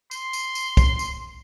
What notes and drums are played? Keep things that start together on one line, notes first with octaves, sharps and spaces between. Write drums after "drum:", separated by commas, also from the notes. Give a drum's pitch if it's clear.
C6, drum: tambourine
drum: tambourine
drum: tambourine
drum: kick, tambourine
drum: tambourine